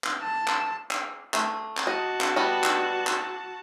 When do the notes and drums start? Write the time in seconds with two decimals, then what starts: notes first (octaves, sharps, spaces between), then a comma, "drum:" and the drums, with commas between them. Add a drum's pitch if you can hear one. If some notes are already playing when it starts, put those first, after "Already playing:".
0.04 drum: clap
0.22 A5
0.47 drum: clap
0.91 drum: clap
1.34 A3, drum: clap
1.77 drum: clap
1.87 F#4 D#5 A5
2.21 drum: clap
2.36 G3 B3 D#5
2.64 drum: clap
3.07 drum: clap